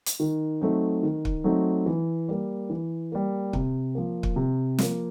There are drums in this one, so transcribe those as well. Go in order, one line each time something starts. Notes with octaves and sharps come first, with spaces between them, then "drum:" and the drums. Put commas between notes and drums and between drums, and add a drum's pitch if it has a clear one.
drum: hi-hat
D#3
F#3 A3 C4 D#4
D#3
drum: kick
F#3 A3 C4 D#4
E3
G3 A#3
E3
G3 A#3
C3, drum: kick
F3 A#3
drum: kick
C3
F3 A#3, drum: snare